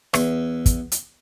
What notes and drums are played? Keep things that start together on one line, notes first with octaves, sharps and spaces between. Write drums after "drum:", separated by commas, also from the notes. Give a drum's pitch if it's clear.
E2, drum: rim click
drum: kick, hi-hat
drum: hi-hat